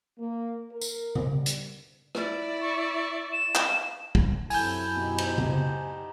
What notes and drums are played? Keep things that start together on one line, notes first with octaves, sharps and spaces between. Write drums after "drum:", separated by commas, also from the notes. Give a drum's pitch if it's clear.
A#3
A#4
drum: tambourine
drum: tom C#3
G3
drum: hi-hat
E4 D5, drum: rim click
C#6
E7
drum: clap
drum: kick
F#2 C3 E4 A4 G#5 G6, drum: open hi-hat
B2 D#4 G4
drum: cymbal
drum: tom C#3